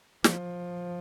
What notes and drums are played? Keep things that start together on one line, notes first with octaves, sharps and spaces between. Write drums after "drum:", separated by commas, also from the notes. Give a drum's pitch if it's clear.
F3, drum: snare